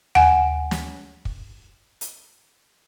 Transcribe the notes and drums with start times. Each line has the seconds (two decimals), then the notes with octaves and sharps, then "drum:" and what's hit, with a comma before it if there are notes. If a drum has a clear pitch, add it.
0.15 F#5 G#5, drum: tom D#2
0.71 drum: snare
1.25 drum: kick
2.01 drum: hi-hat